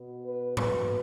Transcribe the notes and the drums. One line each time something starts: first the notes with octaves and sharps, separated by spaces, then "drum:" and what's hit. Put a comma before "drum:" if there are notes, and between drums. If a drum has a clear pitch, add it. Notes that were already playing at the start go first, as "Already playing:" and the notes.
Already playing: B2 B3
B4
B4, drum: tom G#2